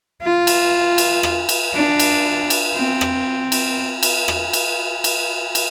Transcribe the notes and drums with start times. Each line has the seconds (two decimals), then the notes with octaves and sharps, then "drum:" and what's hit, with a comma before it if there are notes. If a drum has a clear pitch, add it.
0.22 F4
0.47 drum: cymbal
0.98 drum: cymbal
1.23 drum: rim click
1.49 drum: cymbal
1.74 D4
1.99 drum: cymbal
2.50 drum: cymbal
2.75 C4
3.01 drum: rim click
3.52 drum: cymbal
4.03 drum: cymbal
4.28 drum: rim click
4.53 drum: cymbal
5.04 drum: cymbal
5.55 drum: cymbal